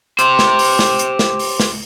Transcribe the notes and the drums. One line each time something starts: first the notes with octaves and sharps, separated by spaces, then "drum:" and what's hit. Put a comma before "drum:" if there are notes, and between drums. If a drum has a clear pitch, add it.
G4 C5, drum: hi-hat
drum: snare
drum: open hi-hat
drum: snare
drum: hi-hat
drum: snare
drum: open hi-hat
drum: snare